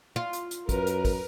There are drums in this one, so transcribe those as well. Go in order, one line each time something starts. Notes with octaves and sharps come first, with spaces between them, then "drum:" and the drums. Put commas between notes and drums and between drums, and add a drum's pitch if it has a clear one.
F4
drum: hi-hat
drum: hi-hat
F#2 A#4 B4, drum: kick, hi-hat
drum: hi-hat
drum: kick, open hi-hat